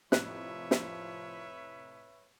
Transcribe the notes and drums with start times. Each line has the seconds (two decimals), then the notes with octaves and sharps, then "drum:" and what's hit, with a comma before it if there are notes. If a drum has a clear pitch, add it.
0.12 F2 A2 C3 F3 B4 C#5 E5 F#6, drum: snare
0.71 drum: snare